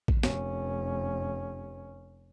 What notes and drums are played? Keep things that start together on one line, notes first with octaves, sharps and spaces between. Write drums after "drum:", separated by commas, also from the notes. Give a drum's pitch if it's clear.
drum: kick A#1
F1 C#4, drum: snare